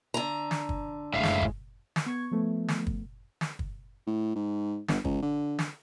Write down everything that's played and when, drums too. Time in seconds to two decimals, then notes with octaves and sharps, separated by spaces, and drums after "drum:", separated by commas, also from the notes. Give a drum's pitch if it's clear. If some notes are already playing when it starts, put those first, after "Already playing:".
0.14 D3 A#5
0.51 drum: snare
0.69 drum: kick
1.14 F#1 A2 G#3 E5 F5
1.23 drum: snare
1.41 drum: kick
1.96 drum: snare
2.06 B3 C#6 G#6
2.31 F3 A3 B3
2.68 drum: snare
2.87 drum: kick
3.41 drum: snare
3.59 drum: kick
4.07 A2
4.36 G#2
4.88 G1, drum: snare
5.05 C#2, drum: kick
5.22 D3
5.59 drum: snare